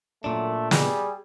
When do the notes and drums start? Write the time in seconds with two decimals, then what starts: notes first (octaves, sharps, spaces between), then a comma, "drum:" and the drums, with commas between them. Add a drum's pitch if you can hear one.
0.24 F#2 A#2 A3 D4
0.71 G3 G#4, drum: snare